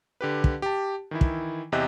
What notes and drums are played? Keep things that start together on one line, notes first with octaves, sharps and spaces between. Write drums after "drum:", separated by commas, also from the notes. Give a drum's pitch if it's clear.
D3 G4 B4
drum: kick
G4 A5
D#3 E3 E4
drum: kick
E2 C3 G4 D#5 E5 F#6